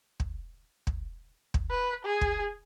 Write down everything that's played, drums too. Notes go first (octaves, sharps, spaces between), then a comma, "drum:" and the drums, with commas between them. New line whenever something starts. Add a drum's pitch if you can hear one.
drum: kick
drum: kick
drum: kick
B4
G#4
drum: kick